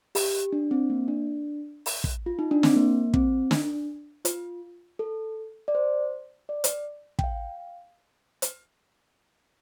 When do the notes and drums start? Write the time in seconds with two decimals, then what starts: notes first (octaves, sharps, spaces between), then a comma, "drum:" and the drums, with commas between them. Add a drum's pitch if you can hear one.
0.15 G4, drum: open hi-hat
0.53 D4
0.71 C4
0.90 A#3
1.08 D4
1.86 drum: open hi-hat
2.04 drum: kick
2.26 F4
2.39 D#4
2.51 D4
2.63 C4, drum: snare
2.76 A#3
3.14 C4, drum: kick
3.51 D4, drum: snare
4.25 F4, drum: hi-hat
4.99 A4
5.68 D5
5.75 C5
6.49 D5
6.64 drum: hi-hat
7.19 G5, drum: kick
7.24 F5
8.42 drum: hi-hat